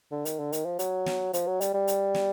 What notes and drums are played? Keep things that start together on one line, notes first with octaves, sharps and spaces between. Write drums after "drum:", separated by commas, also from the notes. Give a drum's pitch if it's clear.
D3
D#3, drum: hi-hat
D3
D#3, drum: hi-hat
F3
F#3, drum: hi-hat
drum: snare
F3, drum: hi-hat
F#3
G3, drum: hi-hat
G3
drum: hi-hat
drum: snare